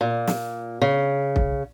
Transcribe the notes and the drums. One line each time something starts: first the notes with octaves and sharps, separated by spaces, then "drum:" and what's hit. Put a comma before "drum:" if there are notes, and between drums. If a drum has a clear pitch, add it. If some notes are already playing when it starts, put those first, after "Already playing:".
A#2
drum: snare
C#3
drum: kick